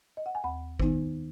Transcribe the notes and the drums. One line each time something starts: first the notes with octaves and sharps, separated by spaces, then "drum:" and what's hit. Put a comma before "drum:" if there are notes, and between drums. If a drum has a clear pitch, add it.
D#5
F#5
G#5
D#2 F#5 B5
D#3 B3 D#4, drum: kick G#1